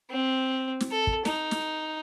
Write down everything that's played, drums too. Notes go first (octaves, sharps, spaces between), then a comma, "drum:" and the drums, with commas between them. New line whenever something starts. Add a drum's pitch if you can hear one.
C4
drum: snare
A4
drum: kick
D#4, drum: snare
drum: snare